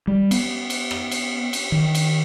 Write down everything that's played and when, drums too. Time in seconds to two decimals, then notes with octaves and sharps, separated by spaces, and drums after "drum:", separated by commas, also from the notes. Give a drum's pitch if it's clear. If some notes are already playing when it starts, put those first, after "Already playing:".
0.07 G3
0.31 B3, drum: cymbal
0.70 drum: cymbal
0.91 drum: rim click
1.11 drum: cymbal
1.53 drum: cymbal
1.72 D#3
1.95 drum: cymbal